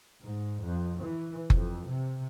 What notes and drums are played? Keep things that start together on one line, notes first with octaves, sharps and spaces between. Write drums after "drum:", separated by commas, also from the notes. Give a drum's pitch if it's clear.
G#2
F2
E3
F2, drum: kick F#1
C3